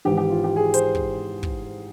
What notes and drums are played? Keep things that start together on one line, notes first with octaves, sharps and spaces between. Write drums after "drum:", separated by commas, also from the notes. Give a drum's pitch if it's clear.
G#1 G#2 E3 G4
G4
F4
G4
G#4
C5, drum: hi-hat
drum: kick
drum: kick